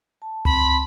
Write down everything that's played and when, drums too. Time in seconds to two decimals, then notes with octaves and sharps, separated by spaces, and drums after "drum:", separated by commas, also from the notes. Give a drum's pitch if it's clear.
0.22 A5
0.45 C4 A5 B5 C6, drum: tom C#2